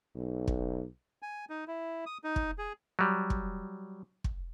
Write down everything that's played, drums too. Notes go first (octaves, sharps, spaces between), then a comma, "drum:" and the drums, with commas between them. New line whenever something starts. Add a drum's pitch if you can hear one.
B1
drum: kick
G#5
D#4
E4
D#6
D#4
drum: kick
G#4
F#3 G3
drum: kick
drum: kick